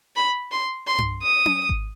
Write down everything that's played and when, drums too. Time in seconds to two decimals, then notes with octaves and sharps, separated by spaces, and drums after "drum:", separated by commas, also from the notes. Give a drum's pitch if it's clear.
0.16 B5
0.51 C6
0.87 C6
0.98 drum: tom G2
1.22 D#6
1.46 drum: tom C#4
1.69 drum: kick G#1